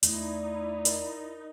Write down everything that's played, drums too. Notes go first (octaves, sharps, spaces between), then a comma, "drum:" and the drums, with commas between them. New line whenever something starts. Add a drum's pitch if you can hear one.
E2 A3 D#4 E4 D5, drum: hi-hat
A#4 D#5, drum: hi-hat